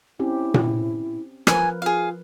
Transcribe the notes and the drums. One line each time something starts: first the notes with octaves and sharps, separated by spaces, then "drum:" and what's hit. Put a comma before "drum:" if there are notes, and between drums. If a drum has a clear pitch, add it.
C4 C#4 E4 G4
drum: tom A#2
F3 A#4 B4 G#5, drum: rim click
F4 G#4 F5